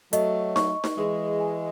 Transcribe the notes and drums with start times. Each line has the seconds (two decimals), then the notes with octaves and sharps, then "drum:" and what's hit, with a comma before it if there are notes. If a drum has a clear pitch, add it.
0.13 F#3 A3 D#5, drum: hi-hat
0.56 C#6, drum: snare D#4
0.84 drum: snare D#4
0.97 E3 G#3 G#4
1.40 G#5